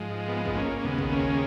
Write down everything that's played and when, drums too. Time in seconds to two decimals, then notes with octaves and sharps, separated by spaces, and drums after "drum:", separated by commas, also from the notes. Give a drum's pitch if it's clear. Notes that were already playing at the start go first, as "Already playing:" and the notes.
Already playing: G#2 F3 G#3
0.28 B3
0.45 B3, drum: kick
0.57 A#3 C#4
0.78 C#4
0.84 D#2 C#3 G#3 B3
0.98 drum: kick
1.12 A#3 C#4